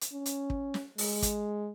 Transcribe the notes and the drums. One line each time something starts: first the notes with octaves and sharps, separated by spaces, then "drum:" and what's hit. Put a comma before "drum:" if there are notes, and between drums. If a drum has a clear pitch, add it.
drum: hi-hat
C#4
drum: hi-hat
drum: kick
drum: snare
G#3, drum: open hi-hat
drum: kick, hi-hat